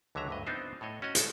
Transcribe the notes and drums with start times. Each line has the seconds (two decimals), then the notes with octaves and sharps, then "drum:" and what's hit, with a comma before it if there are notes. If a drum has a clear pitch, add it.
0.15 C#2 D3 F#3 E5 A#5
0.29 D2 G2 D#5
0.47 B3 C4 D4 D#4 F4 C5
0.81 A2 A4 C#5 D#5
1.02 C#4 F#4 C#5 D#5
1.15 G#3 A4, drum: hi-hat